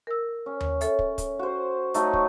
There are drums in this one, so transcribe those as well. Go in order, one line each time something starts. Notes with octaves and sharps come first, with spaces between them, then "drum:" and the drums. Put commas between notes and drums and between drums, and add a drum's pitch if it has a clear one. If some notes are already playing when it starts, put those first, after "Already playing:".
A#4 E6
C#4
drum: tom D#2
A4 C#5 E5, drum: hi-hat
drum: kick
drum: kick, hi-hat
F#4 C5
F#3 A3 D#4, drum: hi-hat
drum: kick